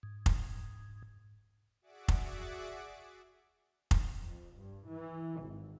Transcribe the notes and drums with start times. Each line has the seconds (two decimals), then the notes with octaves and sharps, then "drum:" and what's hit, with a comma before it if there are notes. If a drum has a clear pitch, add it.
0.03 G#2
0.26 drum: kick F1
1.82 F#4 G#4 D5 E5 F#5 D6
2.08 drum: kick F1
3.91 drum: kick F1
4.25 F2
4.56 G2
4.88 E3
5.42 G#1